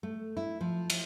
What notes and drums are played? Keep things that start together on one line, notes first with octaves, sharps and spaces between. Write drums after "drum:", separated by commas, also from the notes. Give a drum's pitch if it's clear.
A3
E4
F3
drum: cymbal